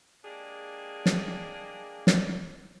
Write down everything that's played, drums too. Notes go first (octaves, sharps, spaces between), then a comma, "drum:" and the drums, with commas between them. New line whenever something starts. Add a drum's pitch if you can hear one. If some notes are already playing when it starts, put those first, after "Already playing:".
G#3 A#3 D4 G4 G#4
drum: snare
drum: snare